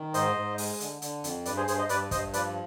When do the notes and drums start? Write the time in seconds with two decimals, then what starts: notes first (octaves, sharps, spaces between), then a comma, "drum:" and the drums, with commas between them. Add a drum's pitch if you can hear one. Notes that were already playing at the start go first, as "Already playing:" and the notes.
Already playing: D#3
0.14 G#2 C5 D#5, drum: hi-hat
0.36 G#2
0.58 G#3, drum: open hi-hat
0.80 D3, drum: hi-hat
1.02 D3, drum: hi-hat
1.24 F2, drum: hi-hat
1.45 G2 B4 D5, drum: hi-hat
1.57 G#4 C5
1.68 G2 G#4 C5, drum: hi-hat
1.79 C5 D#5
1.89 G2 B4 D5, drum: hi-hat
2.11 G2 C5 D#5, drum: kick, hi-hat
2.33 F3 B4 D5, drum: hi-hat